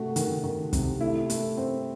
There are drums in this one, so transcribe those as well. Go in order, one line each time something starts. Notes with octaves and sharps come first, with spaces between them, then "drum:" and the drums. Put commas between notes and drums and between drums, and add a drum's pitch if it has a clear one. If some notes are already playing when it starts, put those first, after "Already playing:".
Already playing: C3 A3 F#4
D#3, drum: hi-hat
D#3
C3, drum: kick, hi-hat
A3 E4
A3, drum: hi-hat
C4